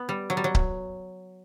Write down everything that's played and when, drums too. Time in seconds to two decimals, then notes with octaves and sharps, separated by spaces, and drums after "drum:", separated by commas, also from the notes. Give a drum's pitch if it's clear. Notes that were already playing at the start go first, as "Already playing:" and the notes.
Already playing: B3
0.09 G3
0.30 F#3
0.37 G3
0.44 F#3
0.55 drum: kick C#1